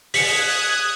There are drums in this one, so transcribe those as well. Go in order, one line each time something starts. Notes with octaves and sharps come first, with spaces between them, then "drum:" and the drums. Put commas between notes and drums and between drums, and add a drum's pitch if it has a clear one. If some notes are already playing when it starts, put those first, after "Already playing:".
D#6 F#6 G#6 B6 C#7, drum: open hi-hat